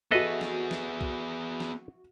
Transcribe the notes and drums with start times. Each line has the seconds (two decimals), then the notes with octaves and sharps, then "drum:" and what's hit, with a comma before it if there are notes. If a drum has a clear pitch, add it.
0.11 B3 F#4 G#4 A4 B4 D#5 E5
0.41 drum: snare
0.71 drum: snare
1.01 drum: kick B1
1.60 drum: snare